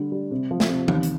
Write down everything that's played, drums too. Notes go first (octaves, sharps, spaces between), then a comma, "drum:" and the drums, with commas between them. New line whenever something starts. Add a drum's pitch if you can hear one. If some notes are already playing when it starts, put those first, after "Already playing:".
Already playing: D3 G3
G3
C3
F3
drum: snare
C3
D#2, drum: tom E3
drum: hi-hat